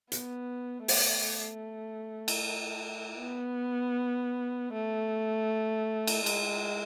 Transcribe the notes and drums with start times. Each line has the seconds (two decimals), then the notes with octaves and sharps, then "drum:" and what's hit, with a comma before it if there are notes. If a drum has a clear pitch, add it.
0.12 B3, drum: hi-hat
0.88 A3, drum: open hi-hat
2.28 drum: cymbal
3.19 B3
4.73 A3
6.07 drum: cymbal
6.26 G#3, drum: cymbal